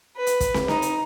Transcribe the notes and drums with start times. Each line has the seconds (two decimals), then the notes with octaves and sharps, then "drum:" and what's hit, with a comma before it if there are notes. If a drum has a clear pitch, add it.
0.17 B4
0.27 drum: hi-hat
0.40 drum: kick, hi-hat
0.54 drum: snare
0.68 D#4, drum: snare
0.82 drum: hi-hat